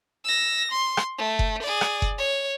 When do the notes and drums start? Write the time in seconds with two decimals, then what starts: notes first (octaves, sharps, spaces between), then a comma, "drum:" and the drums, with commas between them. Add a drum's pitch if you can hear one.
0.25 E6 A#6
0.71 C6
0.97 drum: rim click
1.18 A3
1.39 drum: kick F#1
1.62 G#4 D5
1.81 drum: rim click
2.02 drum: kick F#1
2.18 C#5